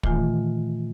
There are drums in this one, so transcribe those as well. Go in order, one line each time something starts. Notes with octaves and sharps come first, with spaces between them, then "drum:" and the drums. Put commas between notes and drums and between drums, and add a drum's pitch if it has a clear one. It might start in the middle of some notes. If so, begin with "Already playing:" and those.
A#2 D#3 E3 A3 F4 G#5, drum: kick